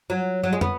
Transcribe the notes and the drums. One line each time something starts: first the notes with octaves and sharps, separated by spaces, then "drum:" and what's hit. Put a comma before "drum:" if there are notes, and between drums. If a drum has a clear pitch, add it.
F#3
F#3
G#3
B3, drum: tom